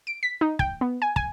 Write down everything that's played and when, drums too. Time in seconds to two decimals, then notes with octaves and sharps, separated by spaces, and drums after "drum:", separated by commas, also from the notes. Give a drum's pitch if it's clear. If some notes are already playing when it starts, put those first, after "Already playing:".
0.07 D7
0.23 B6
0.41 D#4
0.59 G5, drum: kick
0.81 B3
1.02 G#5
1.16 G#5, drum: kick